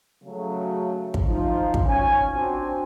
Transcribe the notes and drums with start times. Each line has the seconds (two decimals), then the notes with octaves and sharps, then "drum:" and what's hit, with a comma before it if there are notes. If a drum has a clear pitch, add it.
0.24 C#3 F#3 A3
1.14 drum: kick
1.26 F3 D#4 F4
1.74 drum: kick
1.86 C#4 G#5
2.34 C4 D4 F#4